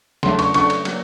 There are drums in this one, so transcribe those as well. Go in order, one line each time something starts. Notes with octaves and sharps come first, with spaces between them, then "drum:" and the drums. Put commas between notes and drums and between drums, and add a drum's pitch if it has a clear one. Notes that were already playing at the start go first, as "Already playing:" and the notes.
C#3 F#3 A3 D4 C6, drum: snare
C#6, drum: cymbal
C#3 F#3 A3 D4 C#6, drum: cymbal
drum: cymbal
F#3 A#3, drum: cymbal